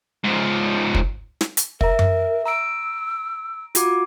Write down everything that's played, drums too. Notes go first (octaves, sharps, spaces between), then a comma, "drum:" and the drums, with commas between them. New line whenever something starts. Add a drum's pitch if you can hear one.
G#2 F3
drum: kick
drum: snare
drum: hi-hat
A#4 E5 A#5, drum: kick
drum: tom F#2
A#5 E6 D7
F4 F#4 D6, drum: hi-hat